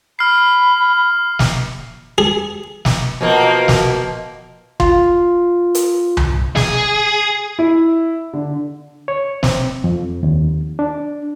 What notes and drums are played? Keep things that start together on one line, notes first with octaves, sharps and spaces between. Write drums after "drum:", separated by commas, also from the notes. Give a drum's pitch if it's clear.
B5 F6 C7
drum: snare
G#4
drum: snare
B2 F3 A#3
drum: snare
F4, drum: kick
drum: hi-hat
drum: tom C2
G#4, drum: snare
E4
D3
C#5
C4, drum: snare
F2
D#2
D4